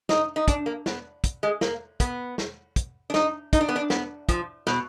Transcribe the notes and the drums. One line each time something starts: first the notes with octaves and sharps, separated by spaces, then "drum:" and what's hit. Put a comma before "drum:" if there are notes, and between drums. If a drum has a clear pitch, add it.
D#4, drum: snare
D#4
D4, drum: kick, hi-hat
A#3
B3, drum: snare
drum: kick, hi-hat
G#3
A#3, drum: snare
B3, drum: kick, hi-hat
drum: snare
drum: kick, hi-hat
D4
D#4, drum: snare
D#4, drum: kick, hi-hat
D4
B3
D4
B3, drum: snare
F3, drum: kick, hi-hat
B2, drum: snare